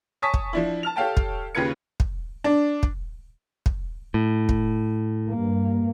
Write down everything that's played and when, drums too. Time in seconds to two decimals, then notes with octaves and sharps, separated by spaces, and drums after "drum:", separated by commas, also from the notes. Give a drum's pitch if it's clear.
0.22 C#5 G#5 A5 C#6 D#6 B6
0.34 drum: kick
0.53 F3 D4 E4
0.83 A5 F6 F7
0.96 G4 A4 C#5 F5 G5 A5
1.17 drum: kick
1.55 D#2 C#3 F4 B4 G#6 C#7
2.00 drum: kick
2.44 D4
2.83 drum: kick
3.66 drum: kick
4.14 A2
4.49 drum: kick
5.28 G2 A#3